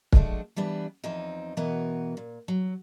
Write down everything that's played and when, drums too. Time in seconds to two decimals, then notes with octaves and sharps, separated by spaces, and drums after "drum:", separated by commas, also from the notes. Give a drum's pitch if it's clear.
0.13 F3 G#3 A3 D4 F#4, drum: kick
0.56 E3 G3 B3 D4
1.04 E2 E3 F3 C4 D#4
1.57 B2 E3 B3 F#4 A#4
2.17 A#2
2.48 F#3